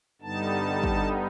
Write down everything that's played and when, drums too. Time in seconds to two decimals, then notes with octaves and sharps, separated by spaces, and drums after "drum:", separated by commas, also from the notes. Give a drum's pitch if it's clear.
0.22 G2 D3 G3 B3 D#4 A5
0.83 drum: kick